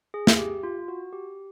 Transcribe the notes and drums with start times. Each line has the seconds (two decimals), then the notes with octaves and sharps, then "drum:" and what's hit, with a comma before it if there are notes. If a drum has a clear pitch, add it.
0.14 G#4
0.27 drum: snare
0.39 G4
0.63 F4
0.88 F#4
1.12 G4